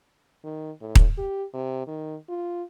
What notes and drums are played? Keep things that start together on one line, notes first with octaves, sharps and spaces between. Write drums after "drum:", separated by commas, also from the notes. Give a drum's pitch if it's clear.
D#3
A2
drum: kick D#1
G4
C3
D#3
F4